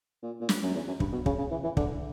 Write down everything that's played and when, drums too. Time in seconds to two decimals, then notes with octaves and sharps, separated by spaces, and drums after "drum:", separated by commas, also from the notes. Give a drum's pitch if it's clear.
0.23 A#2
0.41 A#2
0.49 G2, drum: snare
0.63 F#2
0.75 E2
0.88 F#2
1.00 G2, drum: kick
1.13 B2
1.26 C#3, drum: kick
1.38 C#3
1.51 E3
1.64 E3
1.77 D3, drum: kick